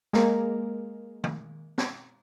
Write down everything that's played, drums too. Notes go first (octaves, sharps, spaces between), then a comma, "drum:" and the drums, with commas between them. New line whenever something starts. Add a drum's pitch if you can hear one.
G#3 A#3 A#4, drum: snare
drum: tom D#3
drum: snare